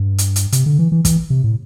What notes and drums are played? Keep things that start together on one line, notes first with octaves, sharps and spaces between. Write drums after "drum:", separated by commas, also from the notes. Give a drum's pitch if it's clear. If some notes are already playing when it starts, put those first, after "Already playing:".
Already playing: G2
drum: hi-hat
drum: hi-hat
C3, drum: hi-hat
D3
E3
E3
E3, drum: kick, hi-hat
C3
A2